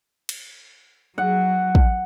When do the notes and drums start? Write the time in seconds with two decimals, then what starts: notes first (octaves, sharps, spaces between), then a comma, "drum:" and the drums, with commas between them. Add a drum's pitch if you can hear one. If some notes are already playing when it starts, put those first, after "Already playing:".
0.29 drum: cymbal
1.18 F#3 F#5
1.75 drum: kick